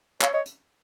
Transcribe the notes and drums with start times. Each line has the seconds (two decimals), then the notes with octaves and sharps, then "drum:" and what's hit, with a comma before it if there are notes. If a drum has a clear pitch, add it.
0.21 C#5 F5, drum: clap
0.33 C#5 D#5
0.46 drum: hi-hat